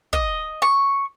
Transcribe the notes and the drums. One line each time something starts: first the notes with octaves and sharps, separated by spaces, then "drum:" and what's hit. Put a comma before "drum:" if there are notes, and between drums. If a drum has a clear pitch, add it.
D#5, drum: kick
C#6